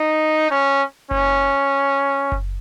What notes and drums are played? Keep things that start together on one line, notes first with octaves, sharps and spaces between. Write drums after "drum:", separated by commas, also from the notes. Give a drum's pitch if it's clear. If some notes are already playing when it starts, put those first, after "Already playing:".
Already playing: D#4
C#4
C#4, drum: kick F#1
drum: kick F#1